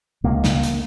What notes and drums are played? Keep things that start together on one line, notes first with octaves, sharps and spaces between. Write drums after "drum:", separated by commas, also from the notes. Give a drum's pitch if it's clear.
C#2 C3 A#3
drum: snare
drum: hi-hat